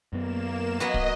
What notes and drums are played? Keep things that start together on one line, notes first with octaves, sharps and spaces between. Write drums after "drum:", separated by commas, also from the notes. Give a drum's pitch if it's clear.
F#2 A#3 B3 E7
F#3 B3 F#4 D#5
drum: kick